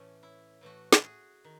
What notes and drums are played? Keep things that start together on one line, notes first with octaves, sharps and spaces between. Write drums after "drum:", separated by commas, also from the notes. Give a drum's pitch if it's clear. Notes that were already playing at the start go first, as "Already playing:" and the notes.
Already playing: A2 E3 A3 C#4
E4
A2 E3 A3 F#4
F#4, drum: snare
G#4
D#3